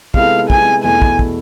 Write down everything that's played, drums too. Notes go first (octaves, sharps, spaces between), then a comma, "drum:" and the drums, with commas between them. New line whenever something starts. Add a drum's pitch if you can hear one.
C3 G#3 B3 E4 A4 F5, drum: kick
G#5, drum: kick
E2 B2 A3 E4 A4 G#5
drum: kick
drum: kick